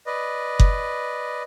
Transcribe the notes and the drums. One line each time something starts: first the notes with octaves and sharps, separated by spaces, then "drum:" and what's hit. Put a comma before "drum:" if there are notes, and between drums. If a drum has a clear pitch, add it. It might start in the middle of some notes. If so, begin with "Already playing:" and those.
B4 D5 D#5
drum: kick F#1